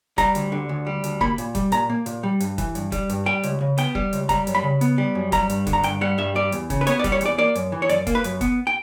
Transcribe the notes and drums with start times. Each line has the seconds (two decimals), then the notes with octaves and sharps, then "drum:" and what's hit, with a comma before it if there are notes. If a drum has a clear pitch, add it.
0.18 G3 A#5, drum: kick, hi-hat
0.35 D2, drum: hi-hat
0.52 D3
0.69 D2
0.87 G3
1.04 D2, drum: hi-hat
1.21 A#3 B5, drum: kick
1.38 A#2, drum: hi-hat
1.55 G3, drum: kick, hi-hat
1.72 A#2 A#5, drum: hi-hat
1.90 A#3
2.06 A#2, drum: hi-hat
2.23 G3
2.40 G2, drum: hi-hat
2.58 E3, drum: kick, hi-hat
2.75 G2, drum: hi-hat
2.92 G3, drum: kick, hi-hat
3.09 G2, drum: hi-hat
3.26 G3 G5
3.43 C#2, drum: hi-hat
3.61 C#3
3.78 B3 G5, drum: hi-hat
3.95 G3, drum: kick
4.13 C#2, drum: hi-hat
4.29 G3 A#5, drum: kick, hi-hat
4.47 F#2, drum: hi-hat
4.55 B5
4.64 C#3
4.81 B3, drum: hi-hat
4.98 G3
5.15 F#2
5.32 G3 A#5, drum: kick, hi-hat
5.50 G2, drum: hi-hat
5.67 D3, drum: kick, hi-hat
5.73 A#5
5.83 G2 G5, drum: hi-hat
6.01 G3 F#5
6.18 G2 E5
6.35 G3 D5
6.52 E2, drum: hi-hat
6.70 C#3, drum: kick, hi-hat
6.81 B4
6.87 B3 C#5, drum: hi-hat
6.99 D5
7.04 G3, drum: kick, hi-hat
7.12 C#5
7.21 E2 D5, drum: hi-hat
7.38 A#3 D5
7.55 F#2, drum: hi-hat
7.72 E3
7.82 C#5
7.89 F#2 D5, drum: hi-hat
8.07 A#3, drum: kick, hi-hat
8.15 B4
8.24 F#2, drum: hi-hat
8.41 B3, drum: kick, hi-hat
8.67 G5